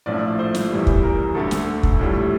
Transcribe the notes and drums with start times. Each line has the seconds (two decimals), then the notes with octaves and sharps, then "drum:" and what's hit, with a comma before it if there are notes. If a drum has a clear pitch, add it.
0.06 A#1 A2 F3 A3 D5
0.39 C5
0.55 drum: snare
0.71 E2 E3 G3
0.87 drum: kick
1.03 A#4
1.35 D2 D3 A3 A4
1.51 drum: snare
1.83 drum: kick
1.99 A#1 A2 G3